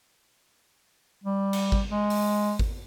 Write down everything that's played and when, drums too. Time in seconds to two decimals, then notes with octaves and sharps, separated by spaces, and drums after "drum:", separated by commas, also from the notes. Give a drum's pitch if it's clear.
1.24 G3
1.53 drum: cymbal
1.72 drum: kick G#1
1.90 G#3
2.10 drum: open hi-hat
2.59 drum: kick G#1